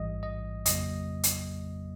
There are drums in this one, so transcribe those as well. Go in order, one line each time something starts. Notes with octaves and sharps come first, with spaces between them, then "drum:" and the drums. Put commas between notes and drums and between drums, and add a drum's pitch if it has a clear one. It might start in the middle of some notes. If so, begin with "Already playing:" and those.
Already playing: A1 G#2 E3 G3 D#5
D#5
F2 C#3 F#3 A#3 D#5, drum: hi-hat
drum: hi-hat